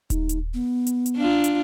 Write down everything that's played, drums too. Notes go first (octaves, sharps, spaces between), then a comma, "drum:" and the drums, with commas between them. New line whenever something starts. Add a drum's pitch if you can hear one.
D#4, drum: kick D#1, hi-hat
drum: hi-hat
B3
drum: hi-hat
drum: hi-hat
D4 F4
drum: hi-hat